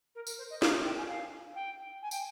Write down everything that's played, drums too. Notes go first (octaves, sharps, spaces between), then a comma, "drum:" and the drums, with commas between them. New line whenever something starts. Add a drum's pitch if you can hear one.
A#4
A#4, drum: tambourine
C5
D#5
F5, drum: snare
G5
G#5
F5
G5
G#5
G5, drum: tambourine